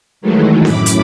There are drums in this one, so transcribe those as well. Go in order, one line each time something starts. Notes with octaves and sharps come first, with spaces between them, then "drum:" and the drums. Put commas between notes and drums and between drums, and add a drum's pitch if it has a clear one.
D#3 E3 F#3 G#3 A3
F#2 A2 B5 D6, drum: snare C4
drum: hi-hat